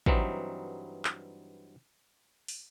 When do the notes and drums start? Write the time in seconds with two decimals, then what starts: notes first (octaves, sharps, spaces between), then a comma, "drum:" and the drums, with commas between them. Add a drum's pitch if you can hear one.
0.06 G2 E3 F#3 C4 D#4, drum: kick
1.05 drum: clap
2.48 drum: open hi-hat